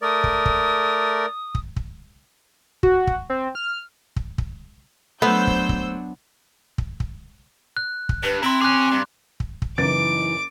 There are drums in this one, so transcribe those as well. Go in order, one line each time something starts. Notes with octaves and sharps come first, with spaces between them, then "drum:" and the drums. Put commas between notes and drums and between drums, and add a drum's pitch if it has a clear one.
A3 A#4 D5 D#6
drum: kick
drum: kick
drum: kick
drum: kick
F#4, drum: kick
drum: kick
C4
F6
drum: kick
drum: kick
F#3 A3 B3 D4 C5 E6 G6
drum: kick
drum: kick
drum: kick
drum: kick
F#6
drum: kick
G2 B4
C4 E4 A#5 C6
C#4 G#4 D6 F#6
G2
drum: kick
drum: kick
F#1 E3 D#4 D6 A6 D7